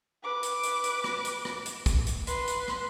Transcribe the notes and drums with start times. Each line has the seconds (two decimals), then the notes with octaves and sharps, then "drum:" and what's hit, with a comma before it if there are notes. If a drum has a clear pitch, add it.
0.23 B4 D6
0.43 drum: hi-hat
0.63 drum: hi-hat
0.84 drum: hi-hat
1.04 drum: rim click
1.25 drum: hi-hat
1.45 drum: rim click
1.66 drum: hi-hat
1.86 drum: kick, hi-hat
2.07 drum: hi-hat
2.27 B4 C6, drum: hi-hat
2.47 drum: hi-hat
2.68 drum: rim click